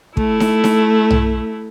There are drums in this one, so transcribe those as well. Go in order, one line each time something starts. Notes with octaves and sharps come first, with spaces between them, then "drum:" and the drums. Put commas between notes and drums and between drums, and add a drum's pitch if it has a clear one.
A3 E4, drum: kick
drum: snare D#4
drum: snare D#4
drum: tom